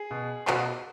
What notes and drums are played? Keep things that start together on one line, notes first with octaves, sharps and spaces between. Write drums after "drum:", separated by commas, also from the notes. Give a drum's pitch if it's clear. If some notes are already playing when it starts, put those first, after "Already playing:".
Already playing: G#4
B2
B2 F#4, drum: clap